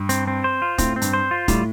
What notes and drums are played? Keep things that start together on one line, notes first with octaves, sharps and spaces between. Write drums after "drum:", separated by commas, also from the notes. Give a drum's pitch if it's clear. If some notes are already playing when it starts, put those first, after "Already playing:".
Already playing: G2
C4, drum: hi-hat
C4
C5
F4
A2 C4, drum: kick, hi-hat
C4
G2, drum: hi-hat
C5
F4
A2 G3, drum: kick, hi-hat